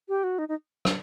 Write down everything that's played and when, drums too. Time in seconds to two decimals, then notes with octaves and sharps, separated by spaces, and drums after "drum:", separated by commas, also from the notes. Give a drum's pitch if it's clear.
0.09 G4
0.24 F#4
0.38 D#4
0.49 D#4
0.85 drum: rim click